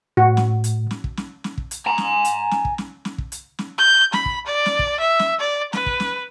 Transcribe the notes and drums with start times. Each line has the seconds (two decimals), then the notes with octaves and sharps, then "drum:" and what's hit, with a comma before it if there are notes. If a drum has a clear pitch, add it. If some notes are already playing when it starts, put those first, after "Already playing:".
0.17 A2 F#4
0.37 drum: snare
0.64 drum: hi-hat
0.91 drum: snare
1.04 drum: kick
1.17 drum: snare
1.44 drum: snare
1.58 drum: kick
1.71 drum: hi-hat
1.86 G#5 A#5
1.98 drum: snare
2.25 drum: hi-hat
2.51 drum: snare
2.65 drum: kick
2.78 drum: snare
3.05 drum: snare
3.18 drum: kick
3.32 drum: hi-hat
3.59 drum: snare
3.78 G6
4.13 B5, drum: snare
4.26 drum: kick
4.46 D5
4.66 drum: snare
4.79 drum: kick
5.00 E5
5.19 drum: snare
5.40 D5
5.73 B4, drum: snare
5.86 drum: kick
6.00 drum: snare